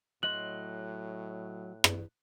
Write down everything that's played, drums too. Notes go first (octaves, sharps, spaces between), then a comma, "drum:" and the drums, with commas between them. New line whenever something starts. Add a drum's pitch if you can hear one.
A2 F#3 D#5 C6 F#6 F#7
drum: rim click